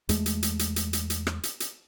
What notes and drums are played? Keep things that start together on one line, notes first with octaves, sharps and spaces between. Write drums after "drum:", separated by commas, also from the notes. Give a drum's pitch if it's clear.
E2 G#3 A3, drum: hi-hat
drum: hi-hat
drum: hi-hat
drum: hi-hat
drum: hi-hat
drum: hi-hat
drum: hi-hat
drum: rim click
drum: hi-hat
drum: hi-hat